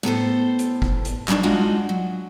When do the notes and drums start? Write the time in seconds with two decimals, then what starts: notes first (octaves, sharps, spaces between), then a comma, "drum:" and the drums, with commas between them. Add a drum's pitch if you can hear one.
0.03 A2 B3 A4 C5
0.59 drum: hi-hat
0.82 drum: kick
1.05 drum: hi-hat
1.28 G3 A#3 C4 D4 D#4, drum: clap
1.43 G#3 D4 D#4 F4 F#4
1.89 F#3